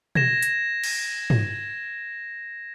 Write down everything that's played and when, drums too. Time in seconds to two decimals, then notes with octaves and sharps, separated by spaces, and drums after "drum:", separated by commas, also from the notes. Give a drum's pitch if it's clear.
0.15 G#6 A#6 E7, drum: tom
0.42 drum: hi-hat
0.84 drum: cymbal
1.30 drum: tom